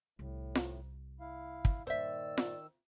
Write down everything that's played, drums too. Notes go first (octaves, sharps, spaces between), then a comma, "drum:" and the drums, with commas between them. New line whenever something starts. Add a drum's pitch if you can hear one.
C2 A2
drum: snare F4
E4 F5
drum: kick
G2 A#2 D#3 C5 D5 E5 E6
drum: snare F4